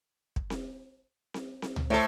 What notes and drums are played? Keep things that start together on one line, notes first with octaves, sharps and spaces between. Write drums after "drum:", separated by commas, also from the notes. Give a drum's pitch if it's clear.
drum: kick
drum: snare C4
drum: snare C4
drum: snare C4
drum: tom C#2
A2 A3 A4 C5 E5